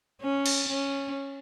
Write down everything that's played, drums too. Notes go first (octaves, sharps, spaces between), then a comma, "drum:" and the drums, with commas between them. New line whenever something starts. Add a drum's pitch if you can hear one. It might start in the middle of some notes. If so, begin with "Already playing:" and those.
C#4
drum: cymbal
C#4